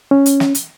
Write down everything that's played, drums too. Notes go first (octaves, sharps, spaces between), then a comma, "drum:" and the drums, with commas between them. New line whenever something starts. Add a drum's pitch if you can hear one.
C#4
drum: hi-hat
drum: snare
drum: hi-hat